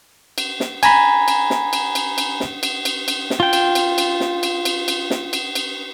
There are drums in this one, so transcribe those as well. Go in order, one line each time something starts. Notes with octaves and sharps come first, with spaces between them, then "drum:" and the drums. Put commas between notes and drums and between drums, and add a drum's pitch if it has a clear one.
drum: cymbal
drum: snare
G#5 A#5 B5, drum: cymbal
drum: cymbal
drum: snare
drum: cymbal
drum: cymbal
drum: cymbal
drum: snare
drum: cymbal
drum: cymbal
drum: cymbal
drum: snare
F4 G5
drum: cymbal
drum: cymbal
drum: cymbal
drum: snare
drum: cymbal
drum: cymbal
drum: cymbal
drum: snare
drum: cymbal
drum: cymbal